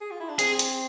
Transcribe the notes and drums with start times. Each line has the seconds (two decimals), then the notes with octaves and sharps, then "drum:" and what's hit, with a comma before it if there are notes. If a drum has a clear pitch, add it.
0.01 G#4
0.11 F4
0.20 E4
0.29 D4
0.39 C4 G#4, drum: hi-hat
0.59 drum: hi-hat